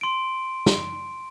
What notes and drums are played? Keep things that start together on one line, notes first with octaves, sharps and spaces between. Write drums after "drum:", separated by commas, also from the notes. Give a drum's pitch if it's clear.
C6 D7
drum: snare